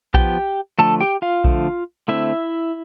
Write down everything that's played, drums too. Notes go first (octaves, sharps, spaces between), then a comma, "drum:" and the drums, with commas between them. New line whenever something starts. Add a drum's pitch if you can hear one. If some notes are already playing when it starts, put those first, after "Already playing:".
F3 B3 G4 G5, drum: kick A#1
D3 F3 A3 A4 A5
G4 G5
F4 F5
D3 F3 A3, drum: kick A#1
D3 A3 C4 E4 E5